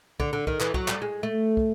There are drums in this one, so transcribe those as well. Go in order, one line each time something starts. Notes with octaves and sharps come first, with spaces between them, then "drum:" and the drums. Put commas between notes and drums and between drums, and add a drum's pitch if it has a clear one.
D3, drum: kick
D3
D#3, drum: kick
E3, drum: clap
F#3, drum: kick
G3, drum: clap
G#3
A3
drum: kick